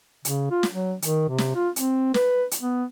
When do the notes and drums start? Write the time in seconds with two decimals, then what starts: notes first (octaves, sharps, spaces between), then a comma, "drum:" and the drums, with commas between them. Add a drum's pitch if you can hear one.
0.25 C#3, drum: hi-hat
0.51 F4
0.63 drum: snare
0.72 F#3
1.02 D#3, drum: hi-hat
1.29 C3
1.38 drum: snare
1.55 F4
1.76 C4, drum: hi-hat
2.14 B4, drum: snare
2.51 drum: hi-hat
2.62 B3